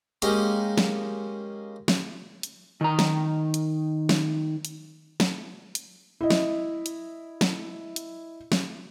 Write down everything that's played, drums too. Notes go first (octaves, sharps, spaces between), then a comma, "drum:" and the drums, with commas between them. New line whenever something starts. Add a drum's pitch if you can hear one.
G#3 A#3 C#4 D#4 G4, drum: hi-hat
drum: snare
drum: snare
drum: hi-hat
D#3 A#5
drum: snare
drum: hi-hat
drum: snare
drum: hi-hat
drum: snare
drum: hi-hat
E4 D#5
drum: snare
drum: hi-hat
drum: snare
drum: hi-hat
drum: snare